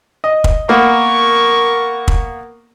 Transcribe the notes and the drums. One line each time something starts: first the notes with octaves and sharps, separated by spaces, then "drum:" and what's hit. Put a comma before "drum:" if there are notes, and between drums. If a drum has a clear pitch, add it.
D#5
drum: kick
A#3 B3 A#4 C#6
drum: kick